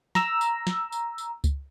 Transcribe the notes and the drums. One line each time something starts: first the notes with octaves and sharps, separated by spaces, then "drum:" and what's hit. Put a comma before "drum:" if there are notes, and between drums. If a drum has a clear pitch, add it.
A#5 E6, drum: snare
drum: tambourine
drum: snare
drum: tambourine
drum: tambourine
drum: kick C#2, tambourine